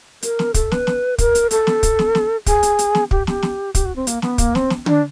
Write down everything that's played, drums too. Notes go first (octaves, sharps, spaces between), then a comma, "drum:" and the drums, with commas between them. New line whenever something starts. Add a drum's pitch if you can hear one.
A#4, drum: hi-hat
drum: snare
A4, drum: kick, hi-hat
B4, drum: snare
drum: snare
A#4, drum: kick, hi-hat
drum: hi-hat
A4, drum: hi-hat
drum: snare
drum: kick, hi-hat
drum: snare
drum: snare
G#4, drum: kick, hi-hat
drum: hi-hat
drum: hi-hat
drum: snare
G4, drum: kick
G4, drum: snare
drum: snare
G4, drum: kick, hi-hat
F#4
C4
A#3, drum: hi-hat
B3, drum: snare
A#3, drum: kick, hi-hat
C4, drum: snare
drum: snare
D4, drum: tom D3